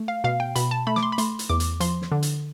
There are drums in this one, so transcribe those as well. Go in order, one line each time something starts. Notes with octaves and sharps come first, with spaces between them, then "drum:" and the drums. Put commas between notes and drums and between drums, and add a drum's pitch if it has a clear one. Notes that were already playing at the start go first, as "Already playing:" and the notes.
Already playing: A3
F5
B2 F5
G5
B2 B5, drum: hi-hat
A5
A3 B5
D6, drum: snare
C6
B5
A3 C6, drum: hi-hat
drum: hi-hat
E2 D6
drum: hi-hat
F3 C6, drum: hi-hat
drum: snare
D3
drum: hi-hat